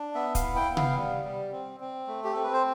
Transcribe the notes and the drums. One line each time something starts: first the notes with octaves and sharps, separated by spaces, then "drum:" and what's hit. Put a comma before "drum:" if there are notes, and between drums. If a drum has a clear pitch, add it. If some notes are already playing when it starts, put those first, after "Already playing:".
Already playing: D4
B3 E5
F5, drum: kick, hi-hat
E4
G5
B3
F5, drum: tom C3
G3
G3
C4
C4
A3
G4
C4 A4
B4
C5